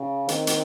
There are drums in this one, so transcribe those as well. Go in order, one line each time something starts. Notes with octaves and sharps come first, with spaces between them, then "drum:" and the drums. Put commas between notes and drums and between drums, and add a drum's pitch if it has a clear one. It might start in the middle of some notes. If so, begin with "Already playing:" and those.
Already playing: C#3
D#3 C4, drum: hi-hat
drum: hi-hat